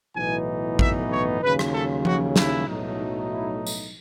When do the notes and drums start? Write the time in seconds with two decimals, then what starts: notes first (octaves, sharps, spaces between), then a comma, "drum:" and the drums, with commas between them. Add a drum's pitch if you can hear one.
0.16 B1 A2 E3 B3 D#4 G#5
0.79 E5, drum: kick A1
1.11 C#5
1.42 D#2 C#3 F#3 B4
1.59 drum: rim click
1.73 A4
2.05 F#4, drum: tom F3
2.36 E4, drum: snare
2.67 B1 A2 F#3 A3 D#4
3.31 E4
3.67 drum: tambourine